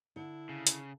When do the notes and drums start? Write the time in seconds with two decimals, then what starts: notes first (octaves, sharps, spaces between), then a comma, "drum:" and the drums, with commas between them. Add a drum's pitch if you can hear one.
0.16 D3 E4
0.49 C#3
0.67 drum: hi-hat